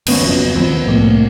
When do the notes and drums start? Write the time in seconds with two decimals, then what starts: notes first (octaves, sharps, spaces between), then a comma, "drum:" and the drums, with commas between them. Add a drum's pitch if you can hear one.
0.07 G#1 B3 C#4, drum: cymbal
0.21 F#1 F2 B2
0.55 D#2 F3 B3 C4
0.85 C2 A2 F3 A#3